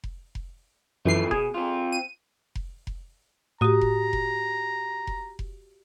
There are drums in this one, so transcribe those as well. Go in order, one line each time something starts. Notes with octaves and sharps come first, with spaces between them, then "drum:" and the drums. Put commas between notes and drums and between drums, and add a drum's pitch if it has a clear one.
drum: kick F1
drum: kick F1
F#2 A2 E3 F3 A3 C7
B2 G#4, drum: kick F1
C4 F4
D#7
drum: kick F1
drum: kick F1
A2 F#4 G4 A#5 D#6
drum: kick F1
drum: kick F1
drum: kick F1
drum: kick F1